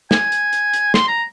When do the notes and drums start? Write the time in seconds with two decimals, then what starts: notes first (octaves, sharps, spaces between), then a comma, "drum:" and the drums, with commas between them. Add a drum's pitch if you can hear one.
0.11 G#5, drum: snare
0.32 drum: hi-hat
0.53 drum: hi-hat
0.73 drum: hi-hat
0.94 C6, drum: snare
1.08 A#5